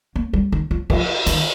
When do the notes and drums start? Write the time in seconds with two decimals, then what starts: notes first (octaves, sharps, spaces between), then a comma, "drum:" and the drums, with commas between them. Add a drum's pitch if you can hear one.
0.16 A#3
0.33 G3
0.52 D#3
0.71 F3
0.90 F3, drum: cymbal
1.27 D#3, drum: cymbal